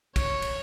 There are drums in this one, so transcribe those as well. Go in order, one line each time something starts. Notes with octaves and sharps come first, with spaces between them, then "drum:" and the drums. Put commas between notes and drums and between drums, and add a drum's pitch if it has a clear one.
C#5, drum: kick, cymbal
drum: cymbal